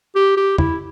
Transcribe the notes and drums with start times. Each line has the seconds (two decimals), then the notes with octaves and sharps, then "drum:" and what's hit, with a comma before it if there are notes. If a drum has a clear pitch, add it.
0.16 G4
0.37 G4
0.58 E4, drum: tom E2